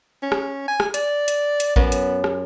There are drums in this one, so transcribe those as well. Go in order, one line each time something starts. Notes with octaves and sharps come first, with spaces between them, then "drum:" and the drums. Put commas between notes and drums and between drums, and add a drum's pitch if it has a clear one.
C#4
drum: rim click
G#5
drum: rim click
D5, drum: hi-hat
drum: hi-hat
drum: hi-hat
F#2 B3, drum: kick A1
drum: hi-hat
drum: rim click